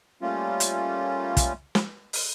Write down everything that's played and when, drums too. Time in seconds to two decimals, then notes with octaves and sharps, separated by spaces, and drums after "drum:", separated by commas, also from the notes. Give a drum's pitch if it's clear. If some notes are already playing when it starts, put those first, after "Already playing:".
0.22 G3 A3 A#3 C#4 F4
0.60 drum: hi-hat
1.37 drum: kick, hi-hat
1.75 drum: snare
2.13 drum: open hi-hat